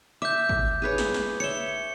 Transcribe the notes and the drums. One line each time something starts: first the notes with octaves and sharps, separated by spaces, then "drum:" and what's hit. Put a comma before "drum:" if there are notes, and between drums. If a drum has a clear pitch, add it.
E5 D6 G6
drum: kick
G#4 B4 C#5
drum: snare
drum: snare
C#5 E5 C#7 G7